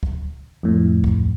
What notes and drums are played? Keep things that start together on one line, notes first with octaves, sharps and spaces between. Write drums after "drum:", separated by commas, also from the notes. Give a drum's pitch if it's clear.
drum: kick
F2 A2
drum: kick